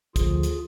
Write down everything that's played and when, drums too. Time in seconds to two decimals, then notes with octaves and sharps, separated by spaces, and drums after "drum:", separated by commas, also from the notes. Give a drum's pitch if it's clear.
0.16 D2 D3 F3 F4 G#4, drum: kick, hi-hat
0.43 drum: hi-hat